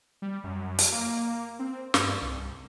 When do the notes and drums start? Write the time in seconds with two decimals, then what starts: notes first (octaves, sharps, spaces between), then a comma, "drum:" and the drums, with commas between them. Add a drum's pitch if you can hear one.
0.22 G3
0.44 F#2
0.79 drum: hi-hat
0.92 A#3
1.59 C4
1.94 G2, drum: snare
2.22 C2